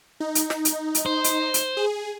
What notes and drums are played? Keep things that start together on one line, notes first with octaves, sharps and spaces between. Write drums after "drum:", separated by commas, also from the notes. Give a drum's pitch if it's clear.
D#4
drum: hi-hat
drum: snare
drum: hi-hat
drum: hi-hat
C5
drum: hi-hat
drum: hi-hat
G#4